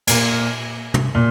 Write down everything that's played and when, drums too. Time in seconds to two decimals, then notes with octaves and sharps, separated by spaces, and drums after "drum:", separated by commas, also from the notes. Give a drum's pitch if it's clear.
0.07 A#2 A#3, drum: cymbal
0.94 drum: tom
1.15 A#2